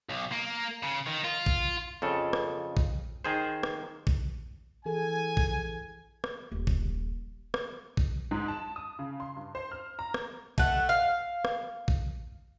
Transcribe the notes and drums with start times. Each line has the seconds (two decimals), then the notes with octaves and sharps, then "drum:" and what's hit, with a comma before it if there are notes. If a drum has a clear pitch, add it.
0.09 B1
0.32 A#3
0.83 C#3
1.07 D#3
1.24 F4
1.46 drum: kick A1
2.02 F2 C#3 A4
2.33 drum: rim click
2.77 drum: kick A1
3.25 D#3 G#4 C5
3.63 drum: rim click
4.07 drum: kick A1
4.85 E3 G#4 A4 G#5
5.37 drum: kick A1
6.24 drum: rim click
6.52 D#1 A#1
6.67 drum: kick A1
7.54 drum: rim click
7.97 drum: kick A1
8.31 G#2
8.48 A5
8.76 D#6
8.99 C#3
9.20 C6
9.36 G2
9.55 C5
9.72 F6
9.99 A#5
10.14 drum: rim click
10.58 A3 F#5, drum: kick A1
10.89 F5
11.45 drum: rim click
11.88 drum: kick A1